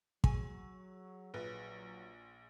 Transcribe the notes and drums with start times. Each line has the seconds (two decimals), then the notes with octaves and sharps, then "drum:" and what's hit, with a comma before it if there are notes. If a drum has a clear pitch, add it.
0.24 F#3 G#4 G#5 C#6 E6, drum: kick
1.34 A#1 F#3 B4